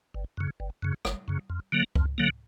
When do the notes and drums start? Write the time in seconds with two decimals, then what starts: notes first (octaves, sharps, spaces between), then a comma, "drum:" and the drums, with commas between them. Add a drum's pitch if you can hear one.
0.14 G1
0.37 F#2 C#3
0.60 G1
0.82 F#2 C#3
1.05 G1, drum: rim click
1.28 F#2 C#3
1.50 F2
1.72 D3 F#3 A#3
1.96 F2, drum: kick C#2
2.18 D3 F#3 A#3